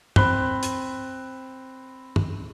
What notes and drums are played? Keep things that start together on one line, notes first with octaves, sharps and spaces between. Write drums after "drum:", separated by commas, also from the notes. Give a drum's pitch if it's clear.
C4 B5 F#6 G7, drum: tom G2
drum: hi-hat
drum: tom